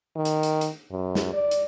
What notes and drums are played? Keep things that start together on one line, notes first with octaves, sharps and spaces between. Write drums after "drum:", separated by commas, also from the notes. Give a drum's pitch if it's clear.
D#3
drum: hi-hat
drum: hi-hat
drum: hi-hat
F#2
drum: snare
D5
drum: hi-hat